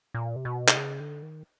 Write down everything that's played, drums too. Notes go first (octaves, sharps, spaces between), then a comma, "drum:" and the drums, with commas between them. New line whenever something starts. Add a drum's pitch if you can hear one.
A#2
C3
B2
C3, drum: clap
C#3
D3
D#3